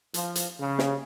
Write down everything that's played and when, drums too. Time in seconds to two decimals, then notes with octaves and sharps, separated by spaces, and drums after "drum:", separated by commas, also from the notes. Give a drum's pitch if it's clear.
0.14 F3, drum: hi-hat
0.35 drum: hi-hat
0.60 C#3
0.79 drum: snare